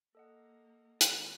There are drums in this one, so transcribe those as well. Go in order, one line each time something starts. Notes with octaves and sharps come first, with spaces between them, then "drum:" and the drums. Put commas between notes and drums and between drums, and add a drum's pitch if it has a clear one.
A#3 A4 D#5 F#5
D#2 G#3 C4 F4 D5 D#5 G5 A#5, drum: hi-hat